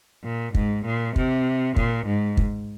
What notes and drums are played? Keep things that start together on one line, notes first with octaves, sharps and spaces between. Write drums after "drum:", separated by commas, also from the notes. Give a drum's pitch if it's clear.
A#2
G#2, drum: kick
A#2
C3, drum: kick
A#2, drum: kick
G#2
drum: kick